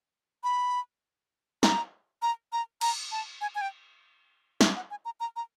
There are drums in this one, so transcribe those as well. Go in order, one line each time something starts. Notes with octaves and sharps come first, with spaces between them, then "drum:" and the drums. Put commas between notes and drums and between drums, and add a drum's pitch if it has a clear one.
B5
A#5, drum: snare
A#5
A#5
A#5, drum: cymbal
A5
G#5
G#5
G5
E5, drum: snare
F#5
G#5
A#5
A#5
A#5